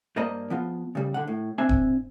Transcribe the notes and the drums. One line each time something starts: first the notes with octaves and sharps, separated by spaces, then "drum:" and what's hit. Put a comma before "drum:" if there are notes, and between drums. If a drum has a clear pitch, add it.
G2 A#3 C5 D5 D#5 A#5
F3 B3 F4
C#3 G3
D3 F#5
A2
C4 D4 E5 G#5
drum: kick D#1